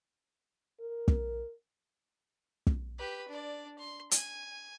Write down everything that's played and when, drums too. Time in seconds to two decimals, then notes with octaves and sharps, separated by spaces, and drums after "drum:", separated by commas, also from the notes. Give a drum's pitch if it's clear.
0.81 A#4
1.08 drum: kick
2.67 drum: kick
2.98 G4 B4
3.28 D4 D5
3.78 C6
4.11 G#5, drum: hi-hat